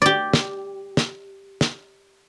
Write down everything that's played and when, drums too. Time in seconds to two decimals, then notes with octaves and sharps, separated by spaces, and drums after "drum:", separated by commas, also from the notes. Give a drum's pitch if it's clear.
0.02 G4 D5
0.33 drum: snare
0.97 drum: snare
1.61 drum: snare